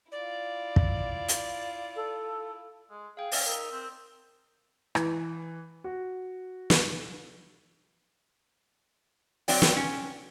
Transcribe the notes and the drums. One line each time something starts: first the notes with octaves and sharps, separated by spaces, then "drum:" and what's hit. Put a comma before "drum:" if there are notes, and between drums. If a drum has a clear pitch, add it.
E4 F4 D5
drum: kick
drum: hi-hat
A4
G#3
G#4 F5 G5
C#4, drum: open hi-hat
D#4 A#4 E6
C4
E3, drum: rim click
F#4
drum: snare
F#3 C4 D5 G5, drum: open hi-hat
drum: snare
C#4